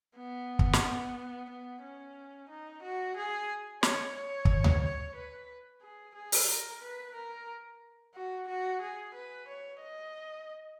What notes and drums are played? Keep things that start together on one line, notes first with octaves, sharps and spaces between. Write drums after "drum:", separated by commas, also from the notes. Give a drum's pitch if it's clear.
B3
drum: kick
drum: snare
B3
C#4
D#4
F#4
G#4
C#5, drum: snare
C#5
drum: kick
drum: tom D2
C#5
B4
G#4
G#4
drum: open hi-hat
A#4
B4
A#4
F#4
F#4
G#4
B4
C#5
D#5